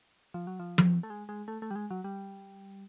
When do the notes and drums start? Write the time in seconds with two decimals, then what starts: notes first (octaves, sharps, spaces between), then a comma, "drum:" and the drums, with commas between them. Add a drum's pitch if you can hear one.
0.34 F3
0.47 F#3
0.59 F3
0.78 drum: tom F3
1.03 A3
1.10 G#3
1.29 G#3
1.48 A3
1.62 A3
1.71 G3
1.76 G#3
1.91 F#3
2.04 G3